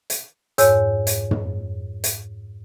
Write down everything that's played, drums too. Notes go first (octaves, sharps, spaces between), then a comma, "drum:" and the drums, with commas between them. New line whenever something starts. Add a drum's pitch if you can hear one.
drum: hi-hat
F2 G#2 C#5 G#5 E6 G6, drum: hi-hat
drum: hi-hat
drum: tom
drum: hi-hat